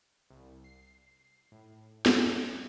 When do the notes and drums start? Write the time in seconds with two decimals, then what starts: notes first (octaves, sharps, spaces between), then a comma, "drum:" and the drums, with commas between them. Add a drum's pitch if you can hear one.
0.30 C2
0.64 C7
1.52 A2
2.06 drum: snare
2.15 G3
2.48 A4